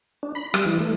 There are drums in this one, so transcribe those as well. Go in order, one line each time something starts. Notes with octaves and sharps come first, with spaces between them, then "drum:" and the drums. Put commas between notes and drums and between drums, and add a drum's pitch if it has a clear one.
D4
B5
G3, drum: rim click
E3
A3